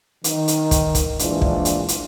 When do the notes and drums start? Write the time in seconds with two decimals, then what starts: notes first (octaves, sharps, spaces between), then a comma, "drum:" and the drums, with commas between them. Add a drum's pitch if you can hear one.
0.24 D#3, drum: hi-hat
0.48 drum: hi-hat
0.71 drum: kick, hi-hat
0.95 drum: kick, hi-hat
1.19 A#1 E3 G#3 D4 F4, drum: hi-hat
1.42 drum: kick
1.65 drum: hi-hat
1.88 drum: hi-hat